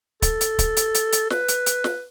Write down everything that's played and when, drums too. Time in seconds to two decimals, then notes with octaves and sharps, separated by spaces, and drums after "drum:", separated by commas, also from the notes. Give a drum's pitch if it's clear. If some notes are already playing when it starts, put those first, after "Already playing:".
0.22 A4, drum: kick, hi-hat
0.41 drum: hi-hat
0.59 drum: kick, hi-hat
0.77 drum: hi-hat
0.94 drum: hi-hat
1.12 drum: hi-hat
1.30 B4, drum: snare
1.48 drum: hi-hat
1.66 drum: hi-hat
1.84 drum: snare